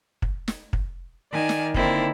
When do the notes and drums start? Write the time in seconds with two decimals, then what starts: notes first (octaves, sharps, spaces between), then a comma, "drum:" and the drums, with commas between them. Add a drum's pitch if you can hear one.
0.22 drum: kick
0.48 drum: snare
0.73 drum: kick
1.31 D#3 D5 G#5 F6
1.49 drum: snare
1.74 D3 D#3 A#3 C4 E4, drum: kick